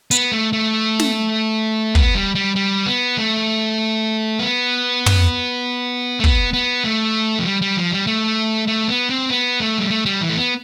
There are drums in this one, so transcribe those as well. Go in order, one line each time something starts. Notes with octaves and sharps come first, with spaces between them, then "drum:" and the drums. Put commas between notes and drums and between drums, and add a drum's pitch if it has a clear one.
B3, drum: hi-hat
A3
A3
drum: snare
B3, drum: kick
G3
G3
G3
B3
A3
B3
drum: tom
A3
B3, drum: kick
B3
A3
F3
G3
G3
F3
G3
A3
A3
B3
C4
B3
A3
G3
A3
G3
E3
A3
B3